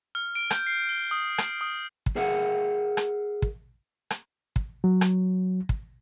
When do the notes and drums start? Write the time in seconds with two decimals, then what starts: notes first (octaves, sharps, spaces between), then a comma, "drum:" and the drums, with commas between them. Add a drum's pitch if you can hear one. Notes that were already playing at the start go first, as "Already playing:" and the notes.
0.15 F6
0.35 D7
0.50 G6, drum: rim click
0.67 C7
0.89 G7
1.11 D#6
1.38 drum: rim click
1.61 D#6
2.06 drum: kick
2.16 G#4 A#4 E5 F#5
2.97 drum: rim click
3.42 drum: kick
4.10 drum: rim click
4.56 drum: kick
4.84 F#3
5.01 drum: rim click
5.69 drum: kick